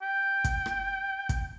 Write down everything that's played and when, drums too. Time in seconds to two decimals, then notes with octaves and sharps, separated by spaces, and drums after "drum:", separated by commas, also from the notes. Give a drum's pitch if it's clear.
0.02 G5
0.44 drum: kick, hi-hat
0.66 drum: rim click
1.29 drum: kick, hi-hat